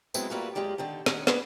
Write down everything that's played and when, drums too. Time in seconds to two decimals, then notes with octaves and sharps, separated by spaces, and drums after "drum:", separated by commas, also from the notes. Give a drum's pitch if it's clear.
0.14 F#3 G#3 B3 C4 E4, drum: tambourine
0.30 G3 A3 A#3 F4 F#4 B4
0.55 F#2 G#3 F4 G4 D5
0.78 D3 D#3 G5 A5
1.06 D#2 D3 D#3 C#4 D#5 F#5, drum: snare
1.27 B3 D4 G#4 B4, drum: snare